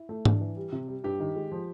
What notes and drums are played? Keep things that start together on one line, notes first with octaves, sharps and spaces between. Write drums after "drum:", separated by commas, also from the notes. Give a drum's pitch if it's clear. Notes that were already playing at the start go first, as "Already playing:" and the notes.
Already playing: E4
A3
D4, drum: tom G#2
E3
G3
C3
G3
G2 G4
D#3
G#3
F3